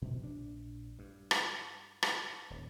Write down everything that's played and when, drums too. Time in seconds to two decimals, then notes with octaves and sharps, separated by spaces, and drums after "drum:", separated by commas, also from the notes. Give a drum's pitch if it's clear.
0.02 D2 B2 F3
0.23 A#1 D4
0.99 G2
1.31 drum: rim click
2.03 drum: rim click
2.50 D#1